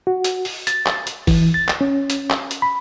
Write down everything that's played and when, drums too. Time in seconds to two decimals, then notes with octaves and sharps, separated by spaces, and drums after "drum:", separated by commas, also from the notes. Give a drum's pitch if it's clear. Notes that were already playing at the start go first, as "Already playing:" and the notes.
0.07 F#4
0.24 drum: hi-hat
0.45 drum: open hi-hat
0.67 A6, drum: hi-hat
0.86 drum: clap
1.07 drum: hi-hat
1.27 E3, drum: kick, open hi-hat
1.54 A6
1.68 drum: clap
1.81 C#4
2.10 drum: hi-hat
2.30 drum: clap
2.51 drum: hi-hat
2.62 B5